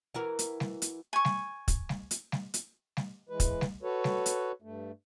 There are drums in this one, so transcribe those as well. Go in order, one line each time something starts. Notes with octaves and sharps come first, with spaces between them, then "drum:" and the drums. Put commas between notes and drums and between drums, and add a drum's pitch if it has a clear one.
E3 F#4 A#4
drum: hi-hat
drum: snare G3
drum: hi-hat
G#5 C#6
drum: snare G3
drum: kick, hi-hat
drum: snare G3
drum: hi-hat
drum: snare G3
drum: hi-hat
drum: snare G3
E3 G#3 B4
drum: kick, hi-hat
drum: snare G3
F#4 A4 B4 C#5
drum: snare G3
drum: hi-hat
G2 A3